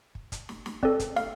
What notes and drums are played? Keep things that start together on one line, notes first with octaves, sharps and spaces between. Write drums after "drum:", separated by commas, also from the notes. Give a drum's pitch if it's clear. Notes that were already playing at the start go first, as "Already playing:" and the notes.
drum: kick
drum: kick, hi-hat
drum: snare
drum: snare
C4 A4 D5, drum: kick
drum: kick, hi-hat
F5, drum: snare